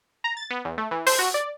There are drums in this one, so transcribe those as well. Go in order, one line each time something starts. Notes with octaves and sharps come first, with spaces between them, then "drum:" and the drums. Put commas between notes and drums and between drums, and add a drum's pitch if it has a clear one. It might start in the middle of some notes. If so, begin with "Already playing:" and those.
A#5
A6
B3
E2
A3
E3
C5, drum: open hi-hat
F#4
D5